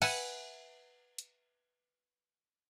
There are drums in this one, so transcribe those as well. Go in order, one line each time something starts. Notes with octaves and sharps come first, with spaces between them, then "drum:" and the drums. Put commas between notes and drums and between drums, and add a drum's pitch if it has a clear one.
B4 E5 F#5 G#5, drum: cymbal
drum: hi-hat